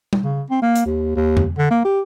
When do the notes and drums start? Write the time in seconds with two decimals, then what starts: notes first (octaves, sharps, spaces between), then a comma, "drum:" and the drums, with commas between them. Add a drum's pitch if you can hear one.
0.13 drum: tom G3
0.24 C#3
0.50 C4
0.62 A#3
0.75 drum: hi-hat
0.86 D#2
1.16 D#2
1.37 drum: tom F2
1.58 D3
1.71 A#3
1.85 G4